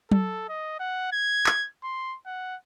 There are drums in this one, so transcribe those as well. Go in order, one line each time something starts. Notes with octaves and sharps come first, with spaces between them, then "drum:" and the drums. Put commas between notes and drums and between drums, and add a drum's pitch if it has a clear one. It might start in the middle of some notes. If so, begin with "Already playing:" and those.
A4, drum: tom F#3
D#5
F#5
G#6
drum: clap
C6
F#5